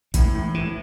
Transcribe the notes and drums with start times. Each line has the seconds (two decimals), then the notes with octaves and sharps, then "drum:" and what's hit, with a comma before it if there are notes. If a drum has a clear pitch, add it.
0.14 A2 E3, drum: kick, hi-hat
0.35 A2
0.54 A2 E3